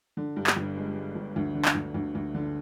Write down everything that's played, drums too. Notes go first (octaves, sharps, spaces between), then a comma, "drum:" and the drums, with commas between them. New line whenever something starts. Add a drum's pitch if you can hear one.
D3
G2
drum: clap
G1
G#3
G#3
G1
D2
D3
drum: clap
D2
D2
D2
D3